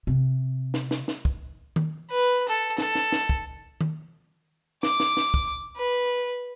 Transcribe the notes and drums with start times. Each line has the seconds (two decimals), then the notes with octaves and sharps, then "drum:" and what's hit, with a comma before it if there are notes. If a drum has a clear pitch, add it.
0.07 C3
0.74 drum: snare
0.91 drum: snare
1.08 drum: snare
1.25 drum: kick
1.76 drum: tom D#3
2.11 B4
2.49 A4
2.78 A4, drum: snare
2.95 drum: snare
3.12 drum: snare
3.29 drum: kick
3.81 drum: tom D#3
4.83 D6, drum: snare
5.00 drum: snare
5.17 drum: snare
5.34 drum: kick
5.77 B4